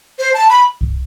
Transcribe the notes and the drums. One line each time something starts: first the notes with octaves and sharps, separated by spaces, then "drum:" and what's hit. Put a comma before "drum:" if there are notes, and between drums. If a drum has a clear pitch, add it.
C5
A5
B5
drum: kick C2